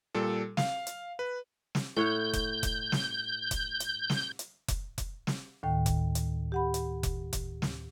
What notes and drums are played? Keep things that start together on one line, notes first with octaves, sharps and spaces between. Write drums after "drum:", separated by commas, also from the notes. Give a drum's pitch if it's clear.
A#2 G3 A4
F5, drum: snare
drum: hi-hat
B4
drum: snare
A2 C#5 F#5 G6
drum: kick F1, hi-hat
drum: kick F1, hi-hat
drum: snare
drum: kick F1, hi-hat
drum: hi-hat
drum: snare
drum: hi-hat
drum: kick F1, hi-hat
drum: kick F1, hi-hat
drum: snare
D2 A2 D#3 G5
drum: kick F1, hi-hat
drum: hi-hat
G4 F#5 B5
drum: hi-hat
drum: kick F1, hi-hat
drum: kick F1, hi-hat
drum: snare